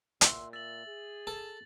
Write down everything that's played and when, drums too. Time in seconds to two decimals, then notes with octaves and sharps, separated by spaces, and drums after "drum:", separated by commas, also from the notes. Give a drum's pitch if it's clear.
0.21 A#2 E5 F#5 C6, drum: hi-hat
0.53 E5 A6 F#7
0.87 G#4
1.27 A4